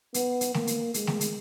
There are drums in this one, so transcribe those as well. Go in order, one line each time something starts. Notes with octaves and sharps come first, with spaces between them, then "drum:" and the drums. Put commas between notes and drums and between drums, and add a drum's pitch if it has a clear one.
B3, drum: hi-hat
drum: hi-hat
A#3, drum: snare A3
drum: hi-hat
G#3, drum: hi-hat
drum: snare A3
drum: hi-hat